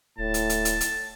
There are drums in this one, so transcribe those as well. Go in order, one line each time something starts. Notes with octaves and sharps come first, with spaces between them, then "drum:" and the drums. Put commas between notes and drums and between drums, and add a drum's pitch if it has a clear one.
D1 A2 A5
drum: hi-hat
drum: hi-hat
drum: hi-hat
drum: hi-hat